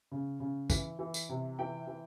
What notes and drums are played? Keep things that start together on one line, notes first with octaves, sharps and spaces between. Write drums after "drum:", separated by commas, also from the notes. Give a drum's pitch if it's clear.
C#3
C#3
E3, drum: kick, tambourine
E3
drum: tambourine
C3
E3 G5
E3